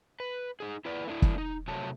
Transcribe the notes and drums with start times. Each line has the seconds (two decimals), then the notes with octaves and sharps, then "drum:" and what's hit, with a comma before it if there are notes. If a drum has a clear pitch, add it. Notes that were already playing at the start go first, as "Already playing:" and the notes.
0.20 B4
0.60 D#4 G#4
0.85 E4 B4 D5
1.07 A3 D4 E4
1.22 drum: kick
1.38 D#4
1.68 C3 F#3 A3 C#5 A5